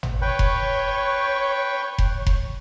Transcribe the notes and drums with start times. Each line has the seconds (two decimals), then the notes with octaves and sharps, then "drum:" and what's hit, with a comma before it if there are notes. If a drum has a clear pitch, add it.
0.03 drum: tom G#1
0.22 B4 C#5 G5 C#6
0.39 drum: kick F1
1.98 drum: kick F1
2.26 drum: kick F1